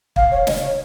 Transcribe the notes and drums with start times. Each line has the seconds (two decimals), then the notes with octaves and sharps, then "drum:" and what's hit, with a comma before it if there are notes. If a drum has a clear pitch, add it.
0.16 F5, drum: kick
0.31 C#5
0.47 D#5, drum: snare
0.61 C#5